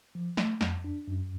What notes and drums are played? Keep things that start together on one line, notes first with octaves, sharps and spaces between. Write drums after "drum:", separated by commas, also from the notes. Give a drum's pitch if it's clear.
F3
A3, drum: snare
F2, drum: snare
D4
F#2